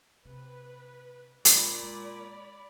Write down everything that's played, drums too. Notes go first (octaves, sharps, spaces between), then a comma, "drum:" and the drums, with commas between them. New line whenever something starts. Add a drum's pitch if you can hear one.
C3 B4
A#2 D3 G#3 D5 B5, drum: hi-hat
G#3 D4